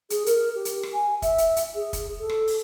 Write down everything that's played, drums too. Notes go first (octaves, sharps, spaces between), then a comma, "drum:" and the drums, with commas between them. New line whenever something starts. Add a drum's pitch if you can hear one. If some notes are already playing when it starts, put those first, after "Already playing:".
G#4, drum: hi-hat
A#4, drum: hi-hat
G4
drum: hi-hat
drum: rim click
G#5
E5, drum: kick, hi-hat
drum: hi-hat
drum: hi-hat
G#4
drum: kick, hi-hat
A4
drum: rim click
drum: open hi-hat